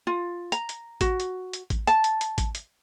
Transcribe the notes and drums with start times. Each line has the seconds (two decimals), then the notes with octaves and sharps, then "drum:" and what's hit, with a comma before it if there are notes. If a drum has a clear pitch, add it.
0.07 F4
0.52 A#5, drum: hi-hat
0.69 drum: hi-hat
1.01 F#4, drum: kick A1, hi-hat
1.20 drum: hi-hat
1.53 drum: hi-hat
1.70 drum: kick A1, hi-hat
1.87 A5, drum: hi-hat
2.04 drum: hi-hat
2.21 drum: hi-hat
2.38 drum: kick A1, hi-hat
2.55 drum: hi-hat